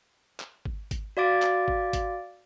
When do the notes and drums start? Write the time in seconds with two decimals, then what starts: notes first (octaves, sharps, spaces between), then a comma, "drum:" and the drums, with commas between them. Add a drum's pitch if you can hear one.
0.40 drum: clap
0.65 drum: kick G#1
0.91 drum: kick G#1, hi-hat
1.17 F#4 D5 F5 D6 A6 D7
1.42 drum: clap
1.68 drum: kick G#1
1.93 drum: kick G#1, hi-hat